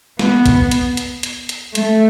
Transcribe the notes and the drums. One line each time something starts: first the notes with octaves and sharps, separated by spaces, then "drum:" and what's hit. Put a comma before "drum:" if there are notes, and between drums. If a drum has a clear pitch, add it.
B3, drum: snare
drum: kick, hi-hat
drum: hi-hat
drum: hi-hat
drum: hi-hat
drum: hi-hat
A3, drum: hi-hat